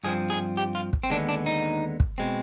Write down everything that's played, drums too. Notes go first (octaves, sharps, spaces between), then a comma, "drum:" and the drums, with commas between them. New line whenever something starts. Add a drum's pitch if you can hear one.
G2 F3 C4 G#4
G#4
G4
F4
drum: kick
C4
D#2 D3 G#3 B3 D4
D4
D#4
drum: kick
B2 G#3 C4